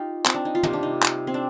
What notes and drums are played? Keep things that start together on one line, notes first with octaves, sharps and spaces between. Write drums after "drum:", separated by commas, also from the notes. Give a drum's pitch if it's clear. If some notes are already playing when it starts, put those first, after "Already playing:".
Already playing: D#4 F4 G4
C4, drum: clap
D4
D#4
F4
C3 G3 A#3 D#4, drum: tom
D4
D#4
drum: clap
C4
D4